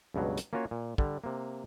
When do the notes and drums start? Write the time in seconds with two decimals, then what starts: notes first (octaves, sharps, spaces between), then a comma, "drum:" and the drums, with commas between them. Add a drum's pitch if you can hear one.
0.14 C#2 G2 B2 F#3
0.37 drum: hi-hat
0.53 A#3 C#4 F4 F#4 C#5
0.71 A#2
0.98 D3 G3, drum: kick
1.24 C3 A#3